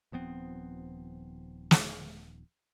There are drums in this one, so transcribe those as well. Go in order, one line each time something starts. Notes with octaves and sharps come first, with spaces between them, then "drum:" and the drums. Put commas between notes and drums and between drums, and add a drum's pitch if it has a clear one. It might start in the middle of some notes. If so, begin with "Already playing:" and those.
D#1 F3 B3 C4
drum: snare